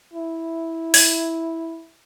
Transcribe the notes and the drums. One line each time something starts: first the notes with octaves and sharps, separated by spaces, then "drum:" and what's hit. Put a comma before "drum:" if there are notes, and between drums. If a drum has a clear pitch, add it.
E4
G#6, drum: open hi-hat